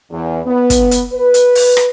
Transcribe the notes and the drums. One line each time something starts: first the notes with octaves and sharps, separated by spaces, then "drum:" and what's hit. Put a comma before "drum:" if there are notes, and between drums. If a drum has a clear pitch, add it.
E2
B3
drum: kick, hi-hat
drum: hi-hat
B4
drum: hi-hat
drum: open hi-hat
drum: rim click